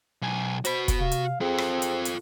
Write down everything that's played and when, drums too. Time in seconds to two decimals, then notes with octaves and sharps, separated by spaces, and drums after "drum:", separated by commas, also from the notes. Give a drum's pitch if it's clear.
0.22 B1 G#5
0.65 F#4 C5 B5, drum: hi-hat
0.88 drum: kick, hi-hat
1.00 C3 F5
1.12 drum: hi-hat
1.41 C4 F4 G#4 A4
1.58 drum: rim click
1.82 drum: hi-hat
2.05 drum: hi-hat